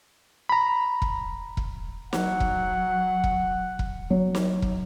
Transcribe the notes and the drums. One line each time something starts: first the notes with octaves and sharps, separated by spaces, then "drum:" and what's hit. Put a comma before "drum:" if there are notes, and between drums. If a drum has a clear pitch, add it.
A#5 B5
drum: kick E1
drum: kick E1
F#3 F#5, drum: snare
drum: kick E1
drum: kick E1
drum: kick E1
F#3
drum: snare
drum: kick E1